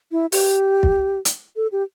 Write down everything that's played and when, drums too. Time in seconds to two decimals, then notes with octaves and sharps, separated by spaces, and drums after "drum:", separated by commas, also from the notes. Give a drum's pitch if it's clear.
0.12 E4
0.32 G4, drum: open hi-hat
0.83 drum: kick
1.25 drum: hi-hat
1.56 A4
1.72 G4